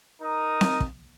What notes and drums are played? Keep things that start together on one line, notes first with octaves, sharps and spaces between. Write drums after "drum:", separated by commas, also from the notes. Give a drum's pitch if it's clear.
D#4 A#4 A#5 D#6
drum: snare C4
drum: kick